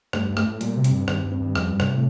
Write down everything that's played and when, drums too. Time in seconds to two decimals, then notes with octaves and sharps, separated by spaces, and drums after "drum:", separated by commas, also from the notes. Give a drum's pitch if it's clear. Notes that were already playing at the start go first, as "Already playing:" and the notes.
0.13 G2 A3, drum: rim click
0.29 G2
0.37 A3, drum: rim click
0.45 A2
0.61 A#2 G3, drum: hi-hat
0.77 C3
0.84 C4, drum: hi-hat
0.92 G2
1.08 G2 D#3, drum: rim click
1.24 G2
1.32 C4
1.40 G2
1.55 F2 G3, drum: rim click
1.72 G2
1.80 C3, drum: rim click
1.88 A2